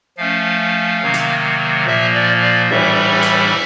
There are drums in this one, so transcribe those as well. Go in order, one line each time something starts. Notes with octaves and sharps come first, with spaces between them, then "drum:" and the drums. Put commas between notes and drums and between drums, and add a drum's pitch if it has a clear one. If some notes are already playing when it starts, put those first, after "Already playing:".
F3 A3 C#4 F5
C3 D#3 F#3 A#3
drum: hi-hat
A#2 F3 A#3 E5
D5
D5
A2 E3 G3 E5, drum: cymbal
drum: hi-hat